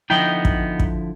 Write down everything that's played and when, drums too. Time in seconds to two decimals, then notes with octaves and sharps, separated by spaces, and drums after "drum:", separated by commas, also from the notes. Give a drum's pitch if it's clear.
0.10 D3 F3 B3 D#4 E4 G5
0.45 drum: kick
0.80 drum: kick